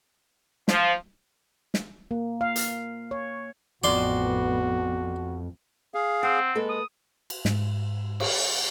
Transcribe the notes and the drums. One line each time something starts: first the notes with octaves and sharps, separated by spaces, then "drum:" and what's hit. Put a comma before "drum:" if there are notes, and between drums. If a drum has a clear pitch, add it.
F3, drum: snare
drum: snare
A#3
F5
drum: hi-hat
C#5
A1 F2 B3 F#4 D5 C6
G#4 F5
C4 F#5
G#3 A#3 A4 B4
D#6
drum: cymbal
G#2, drum: snare
drum: cymbal